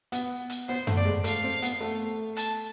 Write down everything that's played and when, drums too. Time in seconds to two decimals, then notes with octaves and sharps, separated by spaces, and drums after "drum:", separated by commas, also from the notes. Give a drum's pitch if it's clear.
0.12 B3, drum: hi-hat
0.50 drum: hi-hat
0.68 B3 C5
0.87 A3, drum: tom F#2
0.96 D5
1.05 G#3
1.24 A3 F5, drum: hi-hat
1.44 C4
1.62 B3, drum: hi-hat
1.81 A3
2.36 A5, drum: hi-hat